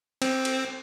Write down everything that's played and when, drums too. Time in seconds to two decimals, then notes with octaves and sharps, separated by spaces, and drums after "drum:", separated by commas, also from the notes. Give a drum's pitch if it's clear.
0.22 C4, drum: cymbal
0.45 drum: cymbal